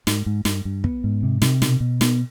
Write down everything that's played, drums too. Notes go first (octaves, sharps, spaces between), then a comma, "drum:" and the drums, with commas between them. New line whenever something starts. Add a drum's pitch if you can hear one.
G#2, drum: snare
G#2
G2, drum: snare
G2
B3, drum: kick
G#2
C3
C3, drum: snare
B2, drum: snare
B2
B3, drum: snare